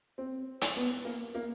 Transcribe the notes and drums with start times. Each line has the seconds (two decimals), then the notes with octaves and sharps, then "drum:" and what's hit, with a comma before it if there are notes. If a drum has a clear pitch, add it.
0.18 C4
0.61 drum: hi-hat
0.76 B3
1.05 A#3
1.35 A#3